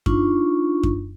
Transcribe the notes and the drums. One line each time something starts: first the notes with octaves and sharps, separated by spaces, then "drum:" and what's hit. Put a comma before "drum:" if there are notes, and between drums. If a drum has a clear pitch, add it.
D4 D#4 F4 C#6, drum: kick F#2
drum: kick F#2